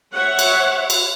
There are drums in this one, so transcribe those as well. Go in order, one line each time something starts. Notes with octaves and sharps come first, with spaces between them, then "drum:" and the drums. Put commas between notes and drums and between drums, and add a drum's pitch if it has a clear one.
C#5 E5 F#5
drum: cymbal
drum: cymbal